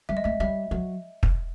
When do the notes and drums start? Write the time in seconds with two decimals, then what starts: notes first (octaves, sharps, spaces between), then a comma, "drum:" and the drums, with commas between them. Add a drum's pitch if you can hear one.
0.09 G3 E5
0.17 D#5
0.24 A3 E5
0.40 G3 E5
0.71 F#3
1.23 drum: kick